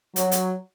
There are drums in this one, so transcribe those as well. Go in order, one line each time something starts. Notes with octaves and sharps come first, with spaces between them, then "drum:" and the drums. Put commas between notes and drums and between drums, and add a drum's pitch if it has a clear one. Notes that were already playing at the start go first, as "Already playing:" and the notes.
F#3, drum: hi-hat
drum: hi-hat